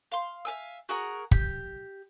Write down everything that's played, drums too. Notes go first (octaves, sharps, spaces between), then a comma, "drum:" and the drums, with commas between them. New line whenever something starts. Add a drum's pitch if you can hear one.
F5 C6
E5 F5 G#5 E6
F#4 G#4 A#4 F#5
G4, drum: kick